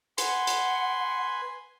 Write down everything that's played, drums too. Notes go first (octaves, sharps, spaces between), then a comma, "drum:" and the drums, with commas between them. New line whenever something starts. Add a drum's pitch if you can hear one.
B4 F#5 G#5 C6, drum: hi-hat
drum: hi-hat